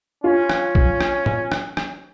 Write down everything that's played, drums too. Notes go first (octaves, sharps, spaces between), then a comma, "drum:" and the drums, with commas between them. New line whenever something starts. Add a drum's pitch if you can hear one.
C#4 F4
drum: rim click
drum: kick A#1
drum: rim click
drum: tom A2
drum: rim click
drum: rim click